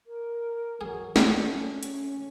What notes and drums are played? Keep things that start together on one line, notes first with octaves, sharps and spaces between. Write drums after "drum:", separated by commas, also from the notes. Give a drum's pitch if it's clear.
A#4
F#3 G#4
G3 A3 C#4, drum: snare
drum: hi-hat